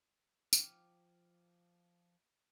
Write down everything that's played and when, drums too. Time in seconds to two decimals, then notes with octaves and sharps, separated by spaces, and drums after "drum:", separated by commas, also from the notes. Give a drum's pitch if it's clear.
0.53 F3 G5 D6 F6, drum: tambourine